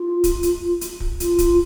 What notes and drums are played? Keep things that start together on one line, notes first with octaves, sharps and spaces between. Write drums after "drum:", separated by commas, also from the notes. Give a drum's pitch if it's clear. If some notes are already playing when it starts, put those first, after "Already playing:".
Already playing: F4
drum: kick, hi-hat
drum: hi-hat
drum: hi-hat
drum: kick
F4, drum: hi-hat
F4, drum: kick, hi-hat